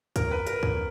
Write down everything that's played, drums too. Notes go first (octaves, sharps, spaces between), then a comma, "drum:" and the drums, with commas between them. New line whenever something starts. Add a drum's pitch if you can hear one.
A#4, drum: kick, hi-hat
B4
A#4, drum: hi-hat
drum: kick